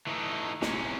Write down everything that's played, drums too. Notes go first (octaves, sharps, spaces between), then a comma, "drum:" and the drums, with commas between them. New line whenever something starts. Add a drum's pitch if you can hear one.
E3 A3 D#4
E2 C3 E3 G#3 C#4, drum: snare